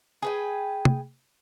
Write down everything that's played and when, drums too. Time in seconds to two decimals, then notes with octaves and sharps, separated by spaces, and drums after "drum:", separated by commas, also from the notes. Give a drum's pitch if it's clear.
0.22 G#4 B4 G5
0.85 drum: tom